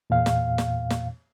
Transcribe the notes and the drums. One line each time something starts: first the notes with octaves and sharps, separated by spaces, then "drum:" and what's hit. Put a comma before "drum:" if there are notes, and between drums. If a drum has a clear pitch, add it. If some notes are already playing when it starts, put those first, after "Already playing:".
E2 A#2 F5
drum: snare
drum: snare
drum: snare